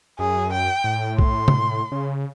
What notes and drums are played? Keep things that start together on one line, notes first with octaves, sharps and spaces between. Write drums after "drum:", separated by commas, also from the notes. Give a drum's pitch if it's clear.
F#2 G#4
G5
A2
C6, drum: kick B1
drum: tom
C#3